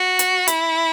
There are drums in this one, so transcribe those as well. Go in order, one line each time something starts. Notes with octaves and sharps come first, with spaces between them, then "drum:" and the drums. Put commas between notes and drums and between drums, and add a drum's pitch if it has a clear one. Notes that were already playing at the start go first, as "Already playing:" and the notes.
Already playing: F#4
drum: hi-hat
E4, drum: hi-hat